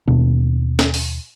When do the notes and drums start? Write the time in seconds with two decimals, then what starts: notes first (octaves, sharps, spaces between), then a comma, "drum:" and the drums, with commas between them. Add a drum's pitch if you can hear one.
0.08 D#2 B2 D4
0.79 drum: snare
0.94 drum: open hi-hat